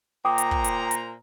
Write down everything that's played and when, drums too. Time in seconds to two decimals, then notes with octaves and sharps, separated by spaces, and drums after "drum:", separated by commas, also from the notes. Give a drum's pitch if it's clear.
0.25 A#2 C5 G5 A#5 D6 D#6
0.38 drum: hi-hat
0.51 drum: kick
0.64 drum: hi-hat
0.91 drum: hi-hat